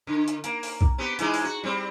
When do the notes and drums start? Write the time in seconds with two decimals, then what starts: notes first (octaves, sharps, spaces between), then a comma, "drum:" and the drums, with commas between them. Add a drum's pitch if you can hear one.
0.07 D3
0.28 drum: hi-hat
0.44 A#3, drum: hi-hat
0.63 drum: open hi-hat
0.81 drum: kick B1
0.98 B3 C4 G4
1.19 E3 G#3 D#4, drum: hi-hat
1.34 drum: open hi-hat
1.44 F#4
1.63 G3 C4